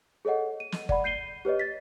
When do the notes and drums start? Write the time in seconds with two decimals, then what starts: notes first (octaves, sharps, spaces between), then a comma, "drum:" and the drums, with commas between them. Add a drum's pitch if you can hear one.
0.25 G#4 A4 C#5 D#5 F#5
0.60 D#7
0.72 drum: snare
0.89 D5 F#5 B5, drum: kick G1
1.04 G6 C7 D#7 G7
1.45 G4 B4 C#5 D#5
1.59 A6 B6